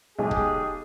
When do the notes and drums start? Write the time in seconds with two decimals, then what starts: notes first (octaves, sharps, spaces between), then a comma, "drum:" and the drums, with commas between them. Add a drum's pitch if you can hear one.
0.18 B1 G#3 G4 G#4
0.31 drum: kick